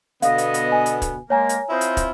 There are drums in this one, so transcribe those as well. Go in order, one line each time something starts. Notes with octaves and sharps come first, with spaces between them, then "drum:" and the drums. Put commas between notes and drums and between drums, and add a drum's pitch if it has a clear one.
B2 D3 B3 D#5 F5, drum: hi-hat
drum: hi-hat
drum: hi-hat
G#5
drum: hi-hat
drum: kick, hi-hat
G#3 A#3 A#4 C#5 G#5 A#5
drum: hi-hat
C4 E4 F4 C5 D#5
drum: hi-hat
drum: kick, hi-hat